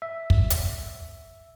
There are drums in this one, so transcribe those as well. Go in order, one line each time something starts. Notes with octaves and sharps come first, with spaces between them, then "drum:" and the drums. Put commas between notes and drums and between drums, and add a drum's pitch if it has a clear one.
E5
drum: kick
drum: hi-hat